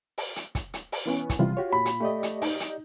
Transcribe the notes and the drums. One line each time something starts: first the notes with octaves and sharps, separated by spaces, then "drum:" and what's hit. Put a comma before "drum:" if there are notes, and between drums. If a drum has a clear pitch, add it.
drum: open hi-hat
drum: hi-hat
drum: kick, hi-hat
drum: hi-hat
drum: open hi-hat
E3 B3 C#4
drum: kick, hi-hat
C3 E3 G3 F4
F#4 G4 C#5
A#2 B5
drum: hi-hat
A3 G4 D5 D#5
drum: hi-hat
D#4, drum: open hi-hat
drum: hi-hat